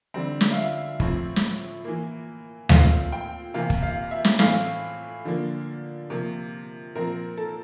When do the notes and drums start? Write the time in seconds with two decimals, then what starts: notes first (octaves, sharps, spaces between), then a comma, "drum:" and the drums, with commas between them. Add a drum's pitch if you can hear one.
0.14 D3 G3 C4
0.41 drum: snare
0.52 F5
0.56 E5
1.00 A2 F3 C4, drum: kick
1.36 drum: snare
1.85 E3 A#3
2.69 A#2 F3 A3 C4 F5, drum: tom D2
3.12 G5
3.54 C3 E3 A#3 F5
3.70 drum: kick
3.82 F5
4.11 E5
4.25 drum: snare
4.39 A2 E3 A3 C4 F5, drum: snare
5.25 D3 F3 A#3
6.10 C3 F3 A#3
6.95 A#2 F3 C4 A#4
7.38 A4